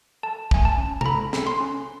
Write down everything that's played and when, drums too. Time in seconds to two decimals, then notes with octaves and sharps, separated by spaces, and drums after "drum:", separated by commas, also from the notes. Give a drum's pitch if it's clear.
0.23 A4 A5
0.51 A3 G#5, drum: kick
0.65 A5
0.78 C#4
1.01 A#5, drum: tom C3
1.05 A4 B5
1.33 A4, drum: snare
1.47 C6
1.60 C#4